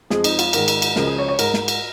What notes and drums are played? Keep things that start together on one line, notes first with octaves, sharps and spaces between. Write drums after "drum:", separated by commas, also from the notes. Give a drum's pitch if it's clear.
F2 F3 G#3 G#4, drum: snare
D#4, drum: cymbal
F4, drum: cymbal
G#2 D#3 G#3 A#4, drum: cymbal
drum: cymbal
drum: cymbal
C#2 C#3 F3 G#3 A#4, drum: snare
G#4
C#5
C#5
G#2 G#3 A#4, drum: cymbal
drum: snare
drum: cymbal